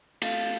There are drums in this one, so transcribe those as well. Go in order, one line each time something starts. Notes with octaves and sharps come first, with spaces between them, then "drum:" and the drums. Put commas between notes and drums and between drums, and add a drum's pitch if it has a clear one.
A3 F4, drum: cymbal